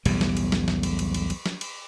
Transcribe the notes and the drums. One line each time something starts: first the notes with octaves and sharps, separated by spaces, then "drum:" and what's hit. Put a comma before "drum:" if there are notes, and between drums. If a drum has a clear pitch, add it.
B1 E2 A2 G3, drum: cymbal
drum: snare
drum: cymbal
drum: snare
drum: snare
drum: cymbal
drum: cymbal
drum: cymbal
drum: cymbal
drum: snare
drum: cymbal